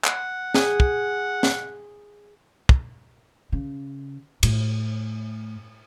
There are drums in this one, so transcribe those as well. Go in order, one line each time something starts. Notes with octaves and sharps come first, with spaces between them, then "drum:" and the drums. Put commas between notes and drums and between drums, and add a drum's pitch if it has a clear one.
F#5, drum: clap
G#4, drum: snare
drum: kick
drum: snare
drum: kick
C#3
A2, drum: cymbal